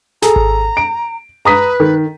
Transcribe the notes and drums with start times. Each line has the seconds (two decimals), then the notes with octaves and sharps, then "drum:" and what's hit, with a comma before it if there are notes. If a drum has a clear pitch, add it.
0.22 G#4 A4 A#5, drum: snare
0.36 drum: kick G#1
0.77 D7
1.45 B4 A#5 D#6 B6
1.80 D#3